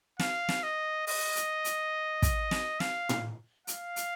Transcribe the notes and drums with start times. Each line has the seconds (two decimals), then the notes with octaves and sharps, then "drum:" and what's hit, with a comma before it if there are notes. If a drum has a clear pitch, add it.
0.20 F5, drum: snare
0.49 drum: snare
0.63 D#5
1.07 D#5, drum: open hi-hat
1.36 drum: hi-hat
1.65 drum: hi-hat
2.22 drum: kick, hi-hat
2.51 drum: snare
2.80 F5, drum: snare
3.09 drum: tom A2
3.67 F5, drum: hi-hat
3.96 drum: hi-hat